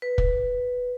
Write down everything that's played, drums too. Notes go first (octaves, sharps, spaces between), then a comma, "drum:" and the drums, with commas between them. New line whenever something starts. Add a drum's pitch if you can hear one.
B4
drum: kick